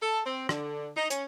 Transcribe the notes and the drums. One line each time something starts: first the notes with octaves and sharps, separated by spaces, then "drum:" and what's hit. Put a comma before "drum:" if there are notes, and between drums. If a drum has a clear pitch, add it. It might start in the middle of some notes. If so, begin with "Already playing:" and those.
A4
C4
D3, drum: rim click
D#4
C#4, drum: hi-hat